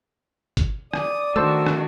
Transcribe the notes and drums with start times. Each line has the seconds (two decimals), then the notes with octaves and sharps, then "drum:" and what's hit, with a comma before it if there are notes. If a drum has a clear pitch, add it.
0.57 drum: kick G1, hi-hat
0.94 D5 D#6, drum: rim click
1.36 D#3 A3 D4 F#4 C5 A5 E6
1.66 drum: rim click